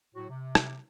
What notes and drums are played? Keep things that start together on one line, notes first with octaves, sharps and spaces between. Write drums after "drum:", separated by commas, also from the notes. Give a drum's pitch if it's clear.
A2 F#3 F#4
C3
drum: rim click